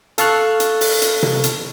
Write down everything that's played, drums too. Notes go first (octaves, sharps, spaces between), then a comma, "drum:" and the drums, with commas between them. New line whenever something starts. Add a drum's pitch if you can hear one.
A4 F5 A5 C#6 F6 F#6, drum: hi-hat
drum: hi-hat
drum: open hi-hat
drum: hi-hat
drum: tom C3
drum: hi-hat